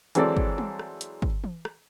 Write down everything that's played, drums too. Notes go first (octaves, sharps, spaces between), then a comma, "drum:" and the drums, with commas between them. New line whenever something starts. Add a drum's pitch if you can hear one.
E3 F#3 G#3 C4 A4 D5, drum: hi-hat
drum: kick
drum: tom G3
drum: rim click
drum: hi-hat
drum: kick
drum: tom E3
drum: rim click